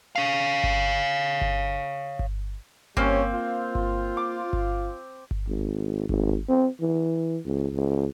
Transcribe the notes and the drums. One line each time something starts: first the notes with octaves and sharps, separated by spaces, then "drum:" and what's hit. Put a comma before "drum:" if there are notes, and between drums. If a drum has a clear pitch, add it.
C#5 F5
drum: kick G1
drum: kick G1
drum: kick G1
G3 A#3 C4 C#4 C5, drum: kick G1
F4
drum: kick G1
D6
drum: kick G1
drum: kick G1
G#1
G#1, drum: kick G1
C4
E3
C#2
C#2